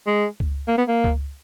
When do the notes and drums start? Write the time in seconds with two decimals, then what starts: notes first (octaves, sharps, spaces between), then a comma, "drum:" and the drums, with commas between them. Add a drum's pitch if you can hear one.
0.07 G#3
0.40 drum: kick C#2
0.68 A#3
0.78 B3
0.88 A#3
1.04 drum: kick C#2